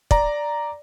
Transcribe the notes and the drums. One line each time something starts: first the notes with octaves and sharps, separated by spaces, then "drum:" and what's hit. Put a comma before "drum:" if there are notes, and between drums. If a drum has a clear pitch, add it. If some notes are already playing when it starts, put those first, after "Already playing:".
D5 A#5, drum: kick